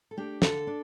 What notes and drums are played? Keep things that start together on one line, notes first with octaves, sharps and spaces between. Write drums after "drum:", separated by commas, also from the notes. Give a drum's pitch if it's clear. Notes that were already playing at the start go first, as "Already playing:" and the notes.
A4
A3 D4 G4
D3 A4, drum: snare
D4